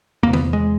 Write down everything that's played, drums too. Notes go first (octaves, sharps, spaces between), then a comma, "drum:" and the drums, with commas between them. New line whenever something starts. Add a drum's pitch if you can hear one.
E2 C3 A#3
B3, drum: tom D3
G#3